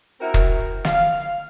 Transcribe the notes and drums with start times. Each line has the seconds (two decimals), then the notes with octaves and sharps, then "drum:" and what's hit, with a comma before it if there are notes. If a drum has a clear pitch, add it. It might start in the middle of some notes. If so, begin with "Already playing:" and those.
0.20 C4 E4 F#4 A#4
0.34 drum: kick
0.85 F5, drum: snare